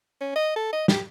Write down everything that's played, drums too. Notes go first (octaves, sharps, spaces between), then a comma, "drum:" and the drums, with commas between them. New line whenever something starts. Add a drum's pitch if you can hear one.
C#4
D#5
A4
D#5
G4, drum: snare